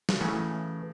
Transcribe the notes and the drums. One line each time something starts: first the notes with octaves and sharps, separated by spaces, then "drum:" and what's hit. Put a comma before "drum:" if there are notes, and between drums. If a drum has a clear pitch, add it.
drum: snare
A2 C#3 E3 F#3 C#4